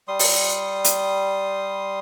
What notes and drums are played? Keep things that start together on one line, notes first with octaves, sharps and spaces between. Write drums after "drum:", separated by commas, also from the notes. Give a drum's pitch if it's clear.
G3 C6 D#6
drum: open hi-hat
drum: hi-hat